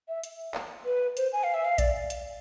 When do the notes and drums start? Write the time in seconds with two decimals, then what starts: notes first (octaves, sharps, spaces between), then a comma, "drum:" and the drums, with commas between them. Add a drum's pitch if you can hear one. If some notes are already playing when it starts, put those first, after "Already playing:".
0.08 E5
0.24 drum: hi-hat
0.55 drum: clap
0.86 B4
1.17 C5, drum: hi-hat
1.33 G#5
1.44 F5
1.54 E5
1.65 F5
1.78 D5, drum: kick A#1, hi-hat
2.10 drum: hi-hat